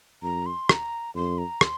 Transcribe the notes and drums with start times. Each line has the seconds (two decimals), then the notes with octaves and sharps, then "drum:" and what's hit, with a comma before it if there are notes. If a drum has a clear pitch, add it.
0.23 F2 A#5
0.46 C6
0.69 A#5, drum: rim click
1.15 F2 C6
1.38 A#5
1.61 C6, drum: rim click